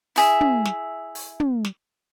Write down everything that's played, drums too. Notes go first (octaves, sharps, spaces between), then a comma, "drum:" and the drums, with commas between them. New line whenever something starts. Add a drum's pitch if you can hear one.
E4 G#4 E5, drum: open hi-hat
drum: tom
drum: snare
drum: open hi-hat
drum: tom
drum: snare